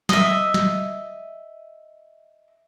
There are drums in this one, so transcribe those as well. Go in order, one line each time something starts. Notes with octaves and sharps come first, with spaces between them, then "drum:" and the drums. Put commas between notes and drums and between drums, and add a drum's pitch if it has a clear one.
D#5 E5, drum: snare
drum: snare